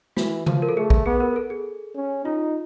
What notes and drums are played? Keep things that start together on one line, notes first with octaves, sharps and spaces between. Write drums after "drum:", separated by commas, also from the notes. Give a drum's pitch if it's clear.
E3 F#4, drum: snare
F3, drum: tom C#3
A#4
A4
A3 G#4
drum: kick
B3 G#4
A#4
A4
G#4
C#4
D#4 F4